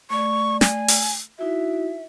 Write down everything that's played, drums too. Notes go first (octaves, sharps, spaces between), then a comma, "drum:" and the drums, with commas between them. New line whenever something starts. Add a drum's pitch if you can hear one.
A3 D5 C#6
G#5, drum: snare
drum: open hi-hat
D#4 E4 F#4 E5